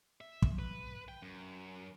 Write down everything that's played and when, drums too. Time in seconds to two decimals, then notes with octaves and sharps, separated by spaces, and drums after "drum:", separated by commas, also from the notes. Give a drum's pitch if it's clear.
0.21 E5
0.42 drum: kick
0.59 B4
1.08 G5
1.22 F#2